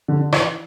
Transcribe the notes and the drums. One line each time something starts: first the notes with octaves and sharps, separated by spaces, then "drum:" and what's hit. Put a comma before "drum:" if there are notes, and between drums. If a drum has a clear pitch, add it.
D3
E3, drum: rim click